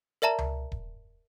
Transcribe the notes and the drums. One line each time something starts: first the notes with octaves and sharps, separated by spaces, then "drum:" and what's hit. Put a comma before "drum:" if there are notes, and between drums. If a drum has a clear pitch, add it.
A#4 D5 E5 A5 A#5
drum: tom C#2
drum: kick D#1